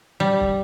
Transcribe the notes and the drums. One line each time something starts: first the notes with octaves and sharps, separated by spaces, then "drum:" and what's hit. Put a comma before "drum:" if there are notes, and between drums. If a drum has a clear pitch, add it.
G3
drum: kick